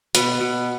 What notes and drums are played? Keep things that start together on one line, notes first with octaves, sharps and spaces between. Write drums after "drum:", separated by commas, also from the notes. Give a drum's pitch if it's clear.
B2 B4, drum: hi-hat
B2